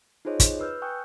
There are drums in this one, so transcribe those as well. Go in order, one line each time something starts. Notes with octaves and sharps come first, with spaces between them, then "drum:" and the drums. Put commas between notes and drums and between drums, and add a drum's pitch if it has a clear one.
D#4 F4 G#4 C5 C#5 D#5
drum: kick, hi-hat
B4 E6 F6 G6
G5 G#5 C#6 D#6 F#6 G6